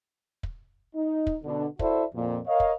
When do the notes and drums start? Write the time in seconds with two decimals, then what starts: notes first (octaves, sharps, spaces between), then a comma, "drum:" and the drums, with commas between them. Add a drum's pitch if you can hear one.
0.43 drum: kick
0.96 D#4
1.27 drum: kick
1.43 B2 D3 D4
1.79 E4 F#4 A4 C5 D5 E5, drum: kick
2.14 F2 A#2
2.47 A#4 C#5 D#5 F5
2.60 drum: kick